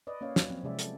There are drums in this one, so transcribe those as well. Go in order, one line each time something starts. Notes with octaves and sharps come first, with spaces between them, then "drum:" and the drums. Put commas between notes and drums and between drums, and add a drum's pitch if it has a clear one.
B4 D5 D#5
A#3 C#4 C#5 D#5 F5
F#3, drum: snare
F3 C4
C3 F3 G#3 C#4 D5 E5
A4, drum: hi-hat